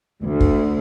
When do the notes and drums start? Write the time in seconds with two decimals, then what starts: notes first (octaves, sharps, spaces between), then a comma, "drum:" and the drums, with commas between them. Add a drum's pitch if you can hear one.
0.22 D2
0.40 drum: kick